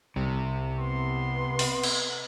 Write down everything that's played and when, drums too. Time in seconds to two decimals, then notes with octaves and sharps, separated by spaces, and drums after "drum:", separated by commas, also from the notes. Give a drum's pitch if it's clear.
0.16 C2 C3
0.79 B3 C6
1.59 drum: open hi-hat
1.83 drum: cymbal